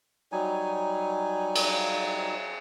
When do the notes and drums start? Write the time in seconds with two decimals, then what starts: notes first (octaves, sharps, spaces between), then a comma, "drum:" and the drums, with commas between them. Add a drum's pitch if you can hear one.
0.32 F#3 G3 D#4 G#5
1.55 drum: cymbal